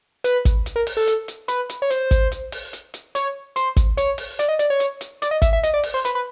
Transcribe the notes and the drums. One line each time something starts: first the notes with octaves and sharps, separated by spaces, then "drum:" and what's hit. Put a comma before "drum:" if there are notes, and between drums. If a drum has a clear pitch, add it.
B4, drum: hi-hat
drum: kick, hi-hat
drum: hi-hat
A#4
drum: open hi-hat
A4
drum: hi-hat
drum: hi-hat
B4, drum: hi-hat
drum: hi-hat
C#5
C5, drum: hi-hat
drum: kick, hi-hat
drum: hi-hat
drum: open hi-hat
drum: hi-hat
drum: hi-hat
C#5, drum: hi-hat
C5, drum: hi-hat
drum: kick, hi-hat
C#5, drum: hi-hat
drum: open hi-hat
D5, drum: hi-hat
D#5
D5, drum: hi-hat
C#5
drum: hi-hat
drum: hi-hat
D5, drum: hi-hat
D#5
E5, drum: kick, hi-hat
E5
D#5, drum: hi-hat
D5
drum: open hi-hat
C5
B4, drum: hi-hat
B4